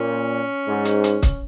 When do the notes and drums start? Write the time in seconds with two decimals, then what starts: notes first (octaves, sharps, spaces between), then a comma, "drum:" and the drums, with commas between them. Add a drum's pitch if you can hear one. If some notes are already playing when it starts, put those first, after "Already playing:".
Already playing: A#2 C#4
0.67 G#2
0.85 drum: hi-hat
1.04 drum: hi-hat
1.23 drum: kick, hi-hat